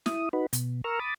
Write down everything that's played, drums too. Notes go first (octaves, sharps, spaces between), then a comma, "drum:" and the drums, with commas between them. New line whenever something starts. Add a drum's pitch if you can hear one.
E4 D#6, drum: snare
D#4 F#4 B4
B2, drum: hi-hat
A#4 A#5 C#6 E6 F6
B5 D6 D#6 A6